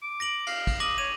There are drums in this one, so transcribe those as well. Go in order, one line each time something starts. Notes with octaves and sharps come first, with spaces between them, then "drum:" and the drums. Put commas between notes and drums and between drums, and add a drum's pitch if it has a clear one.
D6
A#6 D7 F#7
F5, drum: cymbal
drum: kick, cymbal
D6 D#6 A#6 F#7
C#5 D#7 F7